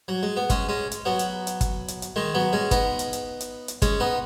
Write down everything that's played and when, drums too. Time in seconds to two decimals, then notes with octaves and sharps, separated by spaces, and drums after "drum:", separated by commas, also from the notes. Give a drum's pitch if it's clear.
0.08 F#3
0.23 G#3
0.37 B3
0.50 G#3 C#4, drum: kick, hi-hat
0.69 G#3 C#4
0.91 drum: hi-hat
1.05 F#3 B3
1.19 drum: hi-hat
1.47 drum: hi-hat
1.61 drum: kick, hi-hat
1.88 drum: hi-hat
2.02 drum: hi-hat
2.16 D#3 G#3
2.34 F#3 B3
2.53 G#3 C#4
2.71 B3 D#4, drum: kick, hi-hat
2.99 drum: hi-hat
3.13 drum: hi-hat
3.40 drum: hi-hat
3.68 drum: hi-hat
3.82 G#3 C#4, drum: kick, hi-hat
4.00 B3 D#4